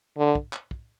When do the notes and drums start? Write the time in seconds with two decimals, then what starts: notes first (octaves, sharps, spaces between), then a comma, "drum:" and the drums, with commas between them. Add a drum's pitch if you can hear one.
0.18 D3
0.35 drum: kick
0.53 drum: clap
0.71 drum: kick